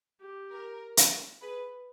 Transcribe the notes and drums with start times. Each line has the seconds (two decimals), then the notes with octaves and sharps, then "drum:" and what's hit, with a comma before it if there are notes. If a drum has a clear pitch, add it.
0.22 G4
0.52 A#4
0.97 drum: hi-hat
1.42 G#4 B4